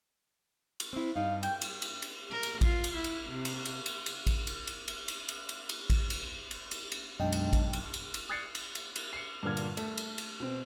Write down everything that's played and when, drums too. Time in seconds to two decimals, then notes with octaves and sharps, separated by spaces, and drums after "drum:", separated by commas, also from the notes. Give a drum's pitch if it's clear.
0.80 drum: cymbal
0.93 C4 E4
1.16 G2 D#4 F5
1.43 G5, drum: cymbal
1.61 drum: cymbal
1.82 drum: cymbal
2.02 drum: cymbal
2.30 A#4
2.43 drum: cymbal
2.61 F4, drum: kick A1, cymbal
2.84 drum: cymbal
2.95 E4
3.04 drum: cymbal
3.30 C3
3.45 drum: cymbal
3.65 drum: cymbal
3.86 drum: cymbal
4.06 drum: cymbal
4.27 drum: kick A1, cymbal
4.47 drum: cymbal
4.67 drum: cymbal
4.88 drum: cymbal
5.08 drum: cymbal
5.29 drum: cymbal
5.49 drum: cymbal
5.69 drum: cymbal
5.90 drum: kick A1, cymbal
6.10 drum: cymbal
6.51 drum: cymbal
6.71 drum: cymbal
6.92 drum: cymbal
7.20 B1 F#2 G#3 D4 D#5 G5
7.32 drum: cymbal
7.53 drum: kick A1, cymbal
7.73 drum: cymbal
7.94 drum: cymbal
8.14 drum: cymbal
8.29 D#6 F#6 G#6 A6 C7 C#7
8.55 drum: cymbal
8.75 drum: cymbal
8.96 drum: cymbal
9.13 C7 C#7
9.43 G2 A#2 D3 A#3 F6 G#6
9.57 drum: cymbal
9.77 A3, drum: cymbal
9.98 drum: cymbal
10.18 drum: cymbal
10.40 B2 C4